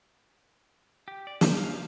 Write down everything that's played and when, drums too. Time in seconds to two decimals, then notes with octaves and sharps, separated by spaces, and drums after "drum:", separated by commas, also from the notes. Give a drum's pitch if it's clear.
1.08 G4
1.27 D5
1.41 C5, drum: snare
1.57 F5